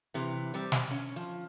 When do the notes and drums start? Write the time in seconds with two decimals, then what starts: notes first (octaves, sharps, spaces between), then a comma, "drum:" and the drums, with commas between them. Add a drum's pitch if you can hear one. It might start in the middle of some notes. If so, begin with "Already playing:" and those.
0.14 C3 E3
0.54 G3 C4
0.72 drum: snare
0.91 C#4
1.16 F3